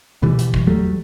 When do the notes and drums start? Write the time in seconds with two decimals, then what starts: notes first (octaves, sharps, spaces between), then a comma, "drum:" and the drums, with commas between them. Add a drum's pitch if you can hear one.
0.22 D2 B2 E3 G3
0.39 drum: hi-hat
0.54 drum: kick
0.67 E2 F#3 G3 A3